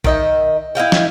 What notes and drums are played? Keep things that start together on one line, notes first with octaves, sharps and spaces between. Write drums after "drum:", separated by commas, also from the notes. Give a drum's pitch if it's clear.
D#3 D#5 E5, drum: kick
E4 D#5 F5 G5
drum: snare